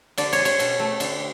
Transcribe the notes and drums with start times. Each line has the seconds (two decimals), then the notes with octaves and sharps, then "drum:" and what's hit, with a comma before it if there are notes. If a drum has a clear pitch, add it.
0.18 D3 D5, drum: cymbal
0.33 C#5, drum: cymbal
0.39 G#3
0.45 C#5, drum: cymbal
0.59 B2, drum: cymbal
0.79 A3
1.00 D3, drum: cymbal